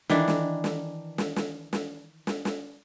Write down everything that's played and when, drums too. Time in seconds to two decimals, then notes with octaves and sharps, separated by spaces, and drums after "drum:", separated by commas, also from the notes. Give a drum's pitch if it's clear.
0.09 D#3 E3 D4, drum: snare
0.28 drum: snare
0.64 drum: snare
1.18 drum: snare
1.36 drum: snare
1.73 drum: snare
2.27 drum: snare
2.45 drum: snare